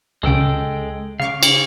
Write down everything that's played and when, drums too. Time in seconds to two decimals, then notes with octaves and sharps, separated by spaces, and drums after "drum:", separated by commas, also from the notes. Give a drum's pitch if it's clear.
0.23 C#2 C#3 G#3 A4 G5
1.20 C#3 F5 C#6 D6
1.43 drum: cymbal